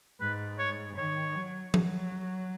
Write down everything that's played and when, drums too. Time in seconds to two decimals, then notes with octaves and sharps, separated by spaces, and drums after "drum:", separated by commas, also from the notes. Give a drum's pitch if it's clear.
0.21 G#2 B4
0.59 C#5
0.97 D#3 C#5
1.35 F#3
1.74 F#3, drum: tom F3